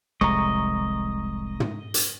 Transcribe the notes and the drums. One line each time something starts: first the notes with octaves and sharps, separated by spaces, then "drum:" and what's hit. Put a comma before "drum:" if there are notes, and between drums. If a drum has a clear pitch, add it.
F1 C2 A2 G#3 D#5 A#5 C#6
drum: tom
drum: hi-hat